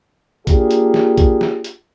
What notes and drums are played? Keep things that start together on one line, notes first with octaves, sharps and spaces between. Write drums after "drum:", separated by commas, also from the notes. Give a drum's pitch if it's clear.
A#3 D4 F4 G4 G#4, drum: kick A#1, hi-hat
drum: hi-hat
drum: snare
drum: kick A#1, hi-hat
drum: snare
drum: hi-hat